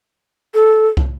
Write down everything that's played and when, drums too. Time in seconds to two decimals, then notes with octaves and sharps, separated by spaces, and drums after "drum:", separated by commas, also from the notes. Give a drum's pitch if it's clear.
0.54 A4
0.97 drum: kick